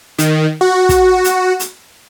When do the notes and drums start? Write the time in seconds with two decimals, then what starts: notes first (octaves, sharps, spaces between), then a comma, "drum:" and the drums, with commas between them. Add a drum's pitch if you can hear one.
0.18 D#3, drum: hi-hat
0.61 F#4
0.89 drum: kick, hi-hat
1.24 drum: hi-hat
1.60 drum: hi-hat